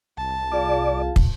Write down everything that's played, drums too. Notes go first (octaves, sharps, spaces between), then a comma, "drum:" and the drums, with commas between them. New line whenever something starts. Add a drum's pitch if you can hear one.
C2 A5
F4 G#4 D5 F5
drum: kick